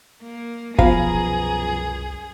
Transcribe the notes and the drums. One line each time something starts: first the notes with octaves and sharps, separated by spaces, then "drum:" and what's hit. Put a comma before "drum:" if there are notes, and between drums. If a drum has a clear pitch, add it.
A#3
C2 F#2 B2 F3 G#4 B4 F5 A#5, drum: kick